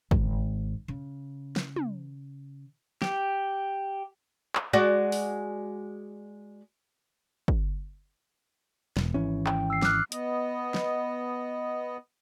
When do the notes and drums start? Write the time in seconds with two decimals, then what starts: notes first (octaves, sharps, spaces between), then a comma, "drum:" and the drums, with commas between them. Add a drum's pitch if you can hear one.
0.11 G#1, drum: kick
0.88 C#3
1.56 drum: snare
1.76 drum: tom
3.02 G4, drum: snare
4.55 drum: clap
4.73 G#3 F#4 D5
5.12 drum: open hi-hat
7.48 drum: kick
8.97 E1, drum: snare
9.14 G#1 E3 C#4
9.46 G5, drum: clap
9.70 E6 C7
9.82 D6 F6 F#6, drum: snare
10.12 B3 D#5, drum: hi-hat
10.74 drum: snare